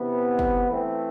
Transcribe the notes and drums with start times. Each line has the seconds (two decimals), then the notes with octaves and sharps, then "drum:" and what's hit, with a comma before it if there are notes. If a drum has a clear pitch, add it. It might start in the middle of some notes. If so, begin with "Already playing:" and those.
Already playing: C3 E3 B3
0.39 drum: kick
0.69 E3 A3 C4